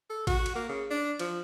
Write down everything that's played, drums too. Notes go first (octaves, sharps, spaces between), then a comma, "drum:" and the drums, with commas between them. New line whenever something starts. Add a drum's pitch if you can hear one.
A4
F#4, drum: kick A1, cymbal
drum: cymbal
A#3
C#3
D4
F3, drum: cymbal